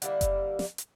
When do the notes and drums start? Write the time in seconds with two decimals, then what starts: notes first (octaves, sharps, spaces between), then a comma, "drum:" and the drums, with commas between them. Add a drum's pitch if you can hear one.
0.02 D3 G3 A#3 E4, drum: hi-hat
0.21 drum: kick F#1, hi-hat
0.59 drum: snare
0.78 drum: hi-hat